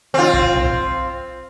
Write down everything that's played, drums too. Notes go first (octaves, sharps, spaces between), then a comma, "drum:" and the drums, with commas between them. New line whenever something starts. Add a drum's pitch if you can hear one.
C4 F4
drum: kick
drum: tom